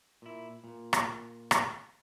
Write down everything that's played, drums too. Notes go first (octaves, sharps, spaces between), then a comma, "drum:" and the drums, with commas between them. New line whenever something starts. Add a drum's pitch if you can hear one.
A#2 E4
A#2
drum: rim click
drum: rim click